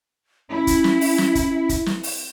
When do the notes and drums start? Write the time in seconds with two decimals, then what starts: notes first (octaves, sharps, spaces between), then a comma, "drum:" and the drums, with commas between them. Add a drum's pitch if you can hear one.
0.50 C#4 E4
0.67 drum: kick, hi-hat
0.84 drum: snare
1.01 drum: open hi-hat
1.18 drum: snare
1.35 drum: kick, hi-hat
1.69 drum: kick, hi-hat
1.86 drum: snare
2.03 drum: open hi-hat